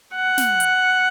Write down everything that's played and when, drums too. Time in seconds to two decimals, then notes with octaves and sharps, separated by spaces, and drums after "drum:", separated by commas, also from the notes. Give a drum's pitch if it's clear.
0.15 F#5
0.38 drum: snare
0.60 drum: hi-hat